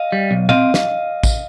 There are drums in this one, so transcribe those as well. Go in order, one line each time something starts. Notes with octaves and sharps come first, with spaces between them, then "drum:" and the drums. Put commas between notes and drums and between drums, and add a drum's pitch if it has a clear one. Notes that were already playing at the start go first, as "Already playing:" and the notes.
Already playing: D#5 F5
G3
B1
C4 D#5 F5, drum: tom A#2
drum: snare
drum: kick A1, tambourine